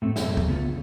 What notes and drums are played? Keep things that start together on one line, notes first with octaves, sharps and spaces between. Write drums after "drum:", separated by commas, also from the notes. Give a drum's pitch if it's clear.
A2 A3 C4
F#2 B2 A3 G#4 E5, drum: snare
drum: kick
C#3 B3 F4
D3